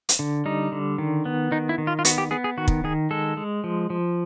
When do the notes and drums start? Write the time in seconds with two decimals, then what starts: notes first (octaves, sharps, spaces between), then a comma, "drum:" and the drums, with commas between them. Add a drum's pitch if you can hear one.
0.09 drum: hi-hat
0.19 D3
0.46 G3 D#4
0.72 D3
0.98 D#3
1.25 B3
1.52 D#3 D#4
1.69 E4
1.78 D#3
1.87 F4
1.99 F4
2.05 B3 F#4, drum: hi-hat
2.18 G4
2.31 B3 G#4
2.44 G#4
2.57 D#3 F#4
2.68 drum: kick
2.84 D#3 G#4
3.11 G#3 A4
3.37 G#3
3.64 F3
3.90 F3